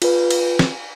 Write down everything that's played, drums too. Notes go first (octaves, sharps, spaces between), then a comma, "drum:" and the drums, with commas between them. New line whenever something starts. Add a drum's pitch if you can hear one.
F4 B4, drum: cymbal
drum: cymbal
drum: snare